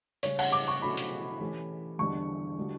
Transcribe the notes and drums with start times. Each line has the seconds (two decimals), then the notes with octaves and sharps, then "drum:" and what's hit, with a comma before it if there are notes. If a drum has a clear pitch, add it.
0.23 C#3 G3 C#4 C#5, drum: open hi-hat
0.39 F#5, drum: cymbal
0.52 D6
0.68 C#6
0.82 B2 F#3 A3 C#4 B5
0.97 drum: open hi-hat
1.40 E3 A3 C#4 G4
1.99 E2 D3 G3 D4 C#6
2.58 D3 G3 D4 F#4